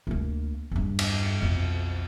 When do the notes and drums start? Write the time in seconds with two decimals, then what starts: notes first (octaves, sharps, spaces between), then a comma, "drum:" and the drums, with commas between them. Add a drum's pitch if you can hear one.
0.07 D2 A#3
0.71 E2 G2
0.99 drum: cymbal
1.41 B1 F2